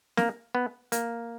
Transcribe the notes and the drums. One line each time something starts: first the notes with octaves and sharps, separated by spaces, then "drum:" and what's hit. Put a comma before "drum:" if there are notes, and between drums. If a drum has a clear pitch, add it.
A#3, drum: snare
B3
A#3, drum: hi-hat